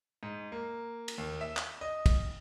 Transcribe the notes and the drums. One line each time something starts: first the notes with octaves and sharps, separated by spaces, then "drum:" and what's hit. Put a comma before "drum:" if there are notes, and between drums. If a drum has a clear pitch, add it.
G#2
A#3
drum: cymbal
D#2
E5
drum: clap
D#5
drum: kick, cymbal